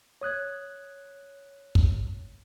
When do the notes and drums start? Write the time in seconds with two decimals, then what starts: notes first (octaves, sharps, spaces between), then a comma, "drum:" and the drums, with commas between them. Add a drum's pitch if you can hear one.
0.21 C#5 D#6 F#6 G#6
1.75 drum: kick